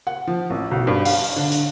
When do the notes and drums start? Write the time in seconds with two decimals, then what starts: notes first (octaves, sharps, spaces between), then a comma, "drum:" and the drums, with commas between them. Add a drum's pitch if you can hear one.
0.07 F#5
0.27 F3
0.50 A1
0.71 B1
0.87 G2
1.05 F5, drum: open hi-hat
1.36 D3
1.52 drum: hi-hat